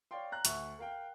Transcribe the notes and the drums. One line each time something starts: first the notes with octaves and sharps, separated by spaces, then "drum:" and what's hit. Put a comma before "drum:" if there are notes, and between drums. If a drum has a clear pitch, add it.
C#5 D5 F5 G5 C6
A#5 F#6
D2 E5 C#6, drum: hi-hat
A#4 F5 G5